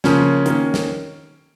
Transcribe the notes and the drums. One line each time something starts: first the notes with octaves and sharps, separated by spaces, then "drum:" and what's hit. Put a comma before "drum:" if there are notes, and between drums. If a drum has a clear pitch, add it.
C#3 F3 A#3 C#4, drum: snare
D#3 A#3 C#4, drum: hi-hat
drum: snare